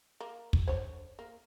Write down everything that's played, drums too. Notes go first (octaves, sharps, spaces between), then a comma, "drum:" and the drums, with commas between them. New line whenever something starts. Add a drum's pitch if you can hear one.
A#3
drum: kick
D3 C5 C#5
A#3